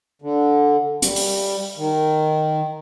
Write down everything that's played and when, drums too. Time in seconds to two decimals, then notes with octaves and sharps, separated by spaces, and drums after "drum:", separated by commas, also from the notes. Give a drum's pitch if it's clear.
0.22 D3
1.02 G3, drum: hi-hat
1.16 drum: open hi-hat
1.77 D#3